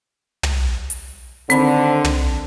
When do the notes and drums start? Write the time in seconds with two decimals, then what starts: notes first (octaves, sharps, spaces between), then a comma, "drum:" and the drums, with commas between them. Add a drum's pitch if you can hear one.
0.43 drum: tom
0.90 drum: hi-hat
1.50 D3 D#3 C4 C5 B5, drum: hi-hat
2.04 drum: tom